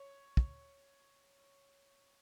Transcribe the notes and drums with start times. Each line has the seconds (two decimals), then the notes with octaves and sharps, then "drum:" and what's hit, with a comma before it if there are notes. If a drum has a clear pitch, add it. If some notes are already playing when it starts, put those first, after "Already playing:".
Already playing: C#5 C#6
0.37 drum: kick